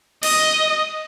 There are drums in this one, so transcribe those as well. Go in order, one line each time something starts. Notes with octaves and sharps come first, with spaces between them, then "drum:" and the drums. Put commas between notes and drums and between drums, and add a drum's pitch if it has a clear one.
D#5, drum: cymbal